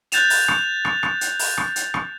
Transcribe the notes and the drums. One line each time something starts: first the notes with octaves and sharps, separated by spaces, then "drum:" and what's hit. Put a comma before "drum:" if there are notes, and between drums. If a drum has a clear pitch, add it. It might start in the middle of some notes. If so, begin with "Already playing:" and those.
F#6 G6 A6 E7 F7, drum: hi-hat
drum: open hi-hat
drum: rim click
drum: rim click
drum: rim click
drum: hi-hat
drum: open hi-hat
drum: rim click
drum: hi-hat
drum: rim click